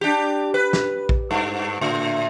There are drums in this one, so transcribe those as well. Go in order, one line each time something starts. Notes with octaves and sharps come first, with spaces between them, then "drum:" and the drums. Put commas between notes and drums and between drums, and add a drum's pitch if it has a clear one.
D4 G4
B4
drum: snare
drum: kick A#1
G2
A2 D3